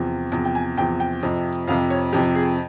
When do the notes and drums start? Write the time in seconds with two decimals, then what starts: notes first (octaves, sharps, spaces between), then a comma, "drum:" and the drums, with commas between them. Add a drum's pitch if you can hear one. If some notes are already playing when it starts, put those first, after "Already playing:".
Already playing: E2 C3 F3
0.32 E2 C3 F3, drum: hi-hat
0.45 G5
0.55 G#5
0.77 E2 C3 F3 G5
1.00 G5
1.23 F2 C3 F3, drum: hi-hat
1.53 drum: hi-hat
1.68 F2 C3 F3 F5
1.90 C#5
2.13 F2 C3 F3 G4, drum: hi-hat
2.35 G#4